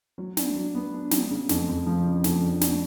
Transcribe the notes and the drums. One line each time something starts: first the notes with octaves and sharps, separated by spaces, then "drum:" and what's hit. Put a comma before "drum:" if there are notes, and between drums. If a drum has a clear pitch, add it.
F#3
D4, drum: snare
F#3
B3
D4
F#3, drum: snare
C#3
F2, drum: snare
F2
F3
C#3
F2, drum: snare
D4
D4, drum: snare